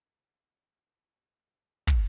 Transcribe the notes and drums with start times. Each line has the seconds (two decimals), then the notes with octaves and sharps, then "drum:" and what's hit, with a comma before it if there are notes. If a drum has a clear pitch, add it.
0.12 A4 C5 E5 F#5
1.87 drum: kick